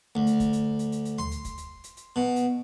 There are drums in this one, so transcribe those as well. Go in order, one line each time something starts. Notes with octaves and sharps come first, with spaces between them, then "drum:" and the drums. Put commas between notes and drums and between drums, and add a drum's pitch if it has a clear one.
D2
drum: hi-hat
drum: kick, hi-hat
drum: hi-hat
drum: hi-hat
drum: hi-hat
drum: hi-hat
C6, drum: tom D2
drum: hi-hat
drum: kick, hi-hat
drum: hi-hat
drum: hi-hat
drum: hi-hat
B2
drum: hi-hat